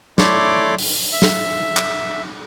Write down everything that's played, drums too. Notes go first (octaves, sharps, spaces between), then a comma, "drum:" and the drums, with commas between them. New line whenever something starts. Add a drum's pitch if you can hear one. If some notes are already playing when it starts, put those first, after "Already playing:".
A3 E4 C#5 D5 C6 D6, drum: snare
drum: open hi-hat
E5
drum: snare
drum: clap